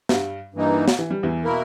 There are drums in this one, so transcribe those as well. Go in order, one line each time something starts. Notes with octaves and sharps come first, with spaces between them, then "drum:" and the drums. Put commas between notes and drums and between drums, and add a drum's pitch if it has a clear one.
G2 G3, drum: snare
G2 E3 A#3 D#4
drum: snare
E3
G3
E2 E3
B2 A#3 E4 A#4